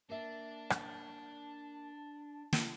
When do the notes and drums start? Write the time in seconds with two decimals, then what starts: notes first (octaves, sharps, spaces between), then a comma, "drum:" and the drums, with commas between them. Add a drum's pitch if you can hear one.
0.10 A#3 D4 E5 A5
0.70 drum: rim click
2.53 drum: snare